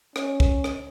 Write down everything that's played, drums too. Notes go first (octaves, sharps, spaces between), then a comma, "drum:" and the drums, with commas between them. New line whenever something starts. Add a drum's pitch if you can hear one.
C#4, drum: rim click
drum: kick
drum: rim click